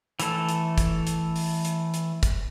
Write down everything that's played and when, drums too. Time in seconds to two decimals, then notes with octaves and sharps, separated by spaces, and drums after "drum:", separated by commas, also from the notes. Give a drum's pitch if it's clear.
0.20 E3 A3 A4, drum: hi-hat
0.49 drum: hi-hat
0.78 drum: kick, hi-hat
1.07 drum: hi-hat
1.36 drum: open hi-hat
1.65 drum: hi-hat
1.94 drum: hi-hat
2.23 drum: kick, hi-hat